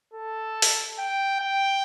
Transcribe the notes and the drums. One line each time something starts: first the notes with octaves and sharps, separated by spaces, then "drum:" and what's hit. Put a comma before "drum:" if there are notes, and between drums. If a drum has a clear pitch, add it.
A4
drum: open hi-hat
G5
G5